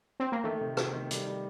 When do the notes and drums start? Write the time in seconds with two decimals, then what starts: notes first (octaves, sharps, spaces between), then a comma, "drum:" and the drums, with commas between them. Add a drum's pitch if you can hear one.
0.20 C4
0.32 A#3
0.44 D#3 A3
0.61 C3
0.77 C3, drum: rim click
0.93 D#3
1.11 G3, drum: hi-hat
1.27 G3